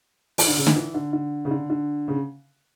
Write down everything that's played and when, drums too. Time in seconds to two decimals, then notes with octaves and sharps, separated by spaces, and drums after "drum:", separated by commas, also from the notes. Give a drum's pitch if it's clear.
0.38 E3, drum: open hi-hat
0.47 D3
0.57 C#3
0.67 D3, drum: snare
0.76 E3
0.94 D3
1.13 D3
1.45 C#3
1.51 D3
1.70 D3
2.08 C#3